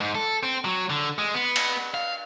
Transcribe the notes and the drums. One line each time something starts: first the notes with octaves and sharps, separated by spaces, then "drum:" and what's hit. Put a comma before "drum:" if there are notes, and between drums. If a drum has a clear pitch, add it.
G#2
A4
C4
F#3
D3
G#3
B3
drum: cymbal
F5